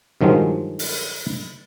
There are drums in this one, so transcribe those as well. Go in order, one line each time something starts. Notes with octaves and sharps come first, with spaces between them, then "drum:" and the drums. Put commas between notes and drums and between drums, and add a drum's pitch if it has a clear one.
G2 D#3 F3 F#3 G#3
drum: open hi-hat